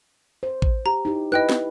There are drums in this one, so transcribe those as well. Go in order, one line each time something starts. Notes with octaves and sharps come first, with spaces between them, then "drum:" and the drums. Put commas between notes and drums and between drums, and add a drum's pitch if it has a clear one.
C5
drum: kick A1
G4 A#5
D#4 E4 G4
E4 B4 D#5 G5 F#6
drum: snare